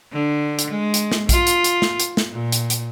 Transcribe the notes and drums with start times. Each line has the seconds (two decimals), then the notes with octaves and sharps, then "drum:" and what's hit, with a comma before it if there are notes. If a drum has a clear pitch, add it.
0.12 D3
0.59 drum: hi-hat
0.70 G#3
0.94 drum: hi-hat
1.12 drum: snare
1.29 F4, drum: kick A#1, hi-hat
1.47 drum: hi-hat
1.64 drum: hi-hat
1.82 drum: snare
2.00 drum: hi-hat
2.17 drum: snare
2.31 A#2
2.52 drum: hi-hat
2.70 drum: hi-hat